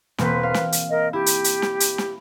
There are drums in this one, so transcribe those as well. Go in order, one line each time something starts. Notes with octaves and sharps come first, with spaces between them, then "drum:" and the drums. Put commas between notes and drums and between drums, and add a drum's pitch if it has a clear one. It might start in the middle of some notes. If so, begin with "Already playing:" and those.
E1 A#3 C4 B4, drum: snare
F5
drum: snare
drum: hi-hat
A#4 D#5
E4 G4
drum: hi-hat
drum: hi-hat
drum: snare
drum: hi-hat
drum: snare